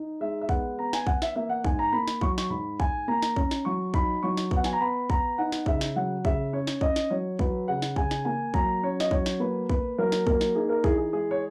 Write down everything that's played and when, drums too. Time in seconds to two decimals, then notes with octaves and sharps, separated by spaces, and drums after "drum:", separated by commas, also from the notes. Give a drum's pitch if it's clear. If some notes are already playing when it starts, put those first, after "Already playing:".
Already playing: D#4
0.21 G#3 E5
0.41 E5
0.49 B3 F#5, drum: kick
0.78 B3 A#5
0.93 G#5, drum: snare
1.07 B3 F#5, drum: kick
1.22 E5, drum: snare
1.36 A#3 E5
1.49 F#5
1.64 G#2 G#5, drum: kick
1.79 A#5
1.93 A#3 B5
2.08 drum: snare
2.21 F#3 C#6, drum: kick
2.38 C#6, drum: snare
2.50 G#2 B5
2.80 G#2 G#5, drum: kick
3.08 A#3 A#5
3.22 drum: snare
3.36 C#4, drum: kick
3.51 drum: snare
3.65 F#3 C#6
3.94 D#4 B5, drum: kick
4.23 F#3 C#6
4.37 drum: snare
4.51 B3, drum: kick
4.56 F#5
4.64 G#5, drum: snare
4.73 A#5
4.81 B3 B5
5.10 B3 A#5, drum: kick
5.38 D#4 F#5
5.52 drum: snare
5.66 C#3 E5, drum: kick
5.81 drum: snare
5.96 F#3 F#5
6.25 C#3 E5, drum: kick
6.53 C#4 C#5
6.67 drum: snare
6.81 C#4 D#5, drum: kick
6.96 drum: snare
7.10 F#3 C#5
7.39 F#3 B4, drum: kick
7.68 C#3 F#5
7.82 drum: snare
7.96 C#3 G#5, drum: kick
8.11 drum: snare
8.25 A#3 G#5
8.54 F#3 A#5, drum: kick
8.83 C#4 C#5
9.00 D#5, drum: snare
9.11 F#3 C#5, drum: kick
9.26 drum: snare
9.40 A#3 B4
9.70 A#3 B4, drum: kick
9.98 F#3 A#4
10.12 drum: snare
10.27 A#3 A#4, drum: kick
10.41 drum: snare
10.55 D#4 G#4
10.69 A#4
10.84 E3 G#4, drum: kick
10.98 G#4
11.13 G#3 G#4
11.31 C#5